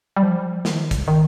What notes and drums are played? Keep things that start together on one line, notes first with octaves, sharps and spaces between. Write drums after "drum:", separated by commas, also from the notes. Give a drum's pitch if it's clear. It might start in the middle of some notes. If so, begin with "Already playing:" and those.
G3
F3
D#3, drum: snare
C3, drum: kick, hi-hat
C#3
D#3